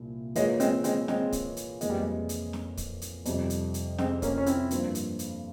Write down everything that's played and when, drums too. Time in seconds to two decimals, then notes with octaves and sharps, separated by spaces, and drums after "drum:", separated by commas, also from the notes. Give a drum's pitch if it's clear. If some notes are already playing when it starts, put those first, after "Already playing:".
Already playing: C2 A#2
0.35 E3 G#3 A#3 F4 G#4 C#5, drum: hi-hat
0.60 G#3 C4, drum: hi-hat
0.84 G#3 C4, drum: hi-hat
1.08 G#3 C4, drum: snare
1.32 drum: kick, hi-hat
1.57 drum: hi-hat
1.81 F2 E3 G#3 A#3, drum: hi-hat
1.90 G3
1.98 G#3
2.29 drum: hi-hat
2.53 drum: snare
2.77 drum: kick, hi-hat
3.02 drum: hi-hat
3.25 F2 C3 G3, drum: hi-hat
3.50 drum: hi-hat
3.74 drum: hi-hat
3.98 G#3 C4, drum: snare
4.22 A#3 C#4, drum: kick, hi-hat
4.38 C#4
4.46 C4 E4, drum: hi-hat
4.71 G2 F3 A#3 F4 C5, drum: hi-hat
4.95 drum: hi-hat
5.19 drum: hi-hat